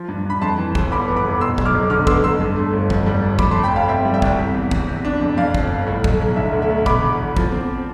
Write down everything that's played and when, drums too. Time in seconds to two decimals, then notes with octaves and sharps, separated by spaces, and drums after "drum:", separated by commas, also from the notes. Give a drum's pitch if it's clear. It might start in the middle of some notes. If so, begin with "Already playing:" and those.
Already playing: F3 C6
0.08 G2
0.25 G2 B5
0.42 F2 A5 C6
0.58 E3
0.75 G1, drum: kick
0.91 E2 B5 D6
1.08 B3
1.16 B5 D6
1.25 F1
1.40 B2 C6 E6
1.58 B1, drum: kick
1.65 D6 F6
1.75 B1
1.90 D3 D6 F6
2.07 B3 C6 E6, drum: kick
2.23 F2 C6 E6
2.40 G2
2.56 A3
2.73 G1
2.90 F2, drum: kick
3.06 G3
3.22 G1
3.39 F2 B5 D6, drum: kick
3.51 A3 A5 C6
3.64 G5 B5
3.72 G1 F5 A5
3.88 C3 E5 G5
4.05 G3
4.14 E5 G5
4.22 C2, drum: kick
4.38 C3
4.54 E2
4.71 E2, drum: kick
4.88 C3
5.05 D4
5.21 F2
5.37 F2 D5 F5
5.54 G1, drum: kick
5.71 G1
5.87 A2
6.04 B1, drum: kick
6.20 B1
6.36 D3 E5
6.53 D2
6.62 E5
6.70 D2
6.86 B2 B5 D6, drum: kick
7.02 E2
7.20 E2
7.37 F3, drum: kick
7.52 C4